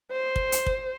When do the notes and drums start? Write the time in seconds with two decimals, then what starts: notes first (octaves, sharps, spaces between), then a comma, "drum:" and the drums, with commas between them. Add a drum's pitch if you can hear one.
0.11 C5
0.36 drum: kick
0.52 drum: hi-hat
0.66 drum: kick